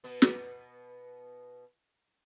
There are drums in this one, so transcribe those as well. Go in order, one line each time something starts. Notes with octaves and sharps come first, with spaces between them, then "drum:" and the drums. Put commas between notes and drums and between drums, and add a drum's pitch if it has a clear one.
B2 B3
drum: snare